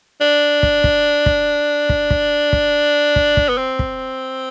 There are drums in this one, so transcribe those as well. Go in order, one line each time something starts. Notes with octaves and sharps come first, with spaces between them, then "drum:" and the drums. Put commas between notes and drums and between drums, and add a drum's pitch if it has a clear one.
D4
drum: kick
drum: kick
drum: kick
drum: kick
drum: kick
drum: kick
drum: kick
drum: kick
B3
C4
drum: kick